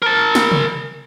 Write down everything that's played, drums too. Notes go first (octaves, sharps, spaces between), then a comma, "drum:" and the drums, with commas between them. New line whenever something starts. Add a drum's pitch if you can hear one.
A#4 A5
drum: snare
drum: tom C3